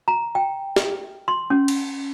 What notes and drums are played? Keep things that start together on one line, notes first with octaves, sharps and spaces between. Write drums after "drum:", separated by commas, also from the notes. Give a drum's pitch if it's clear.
A#5
G5
drum: snare
C6
C#4
drum: cymbal